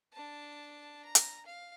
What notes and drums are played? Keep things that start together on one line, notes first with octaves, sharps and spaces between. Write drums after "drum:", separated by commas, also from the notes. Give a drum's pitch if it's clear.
D4 A5
A#5
drum: hi-hat
F5